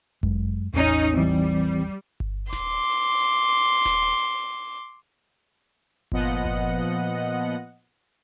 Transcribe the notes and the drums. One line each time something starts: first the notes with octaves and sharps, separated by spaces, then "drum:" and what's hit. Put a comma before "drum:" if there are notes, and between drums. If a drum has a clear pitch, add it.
F#2 G#3, drum: kick G1
A1 E2 C#4 D#4
E3 G3 C4
drum: kick G1
C6 D6, drum: snare D#1
drum: snare D#1
A#2 F3 B3 D#5 F#5, drum: kick G1
drum: kick G1